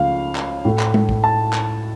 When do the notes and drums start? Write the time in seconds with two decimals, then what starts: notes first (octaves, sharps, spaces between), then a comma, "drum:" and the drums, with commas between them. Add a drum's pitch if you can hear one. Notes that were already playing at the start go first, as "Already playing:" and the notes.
Already playing: C#2 C#3 F3 A3 F5
0.35 drum: clap
0.65 A2 A3
0.79 drum: clap
0.94 drum: tom G#3
1.09 drum: kick
1.24 A5
1.53 drum: clap